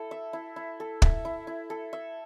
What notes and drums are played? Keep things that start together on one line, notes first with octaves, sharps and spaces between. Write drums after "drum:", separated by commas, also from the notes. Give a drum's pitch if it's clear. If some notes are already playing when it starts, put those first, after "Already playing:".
Already playing: E4 A4
E5
E4
E4
A4
E5, drum: kick
E4
E4
A4
E5